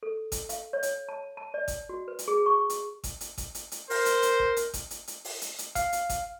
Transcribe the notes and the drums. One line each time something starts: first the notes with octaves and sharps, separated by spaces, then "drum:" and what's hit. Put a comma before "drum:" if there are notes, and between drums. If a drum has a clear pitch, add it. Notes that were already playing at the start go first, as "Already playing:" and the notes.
A4
drum: kick G#1, hi-hat
F5, drum: hi-hat
C#5
drum: hi-hat
A5
A5
D5
drum: kick G#1, hi-hat
F#4
B4
drum: hi-hat
G#4
C#6
drum: hi-hat
drum: kick G#1, hi-hat
drum: hi-hat
drum: kick G#1, hi-hat
drum: hi-hat
drum: hi-hat
A#4 C5, drum: open hi-hat
drum: hi-hat
drum: hi-hat
drum: kick G#1
drum: hi-hat
drum: kick G#1, hi-hat
drum: hi-hat
drum: hi-hat
drum: open hi-hat
drum: hi-hat
drum: hi-hat
F5, drum: kick G#1, hi-hat
drum: hi-hat
drum: kick G#1, hi-hat